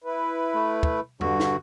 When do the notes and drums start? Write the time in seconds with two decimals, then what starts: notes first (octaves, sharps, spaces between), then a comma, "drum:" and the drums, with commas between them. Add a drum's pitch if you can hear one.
0.04 E4 B4
0.54 A3
0.83 drum: kick
1.21 G2 D3 F#4, drum: tom E2
1.40 drum: snare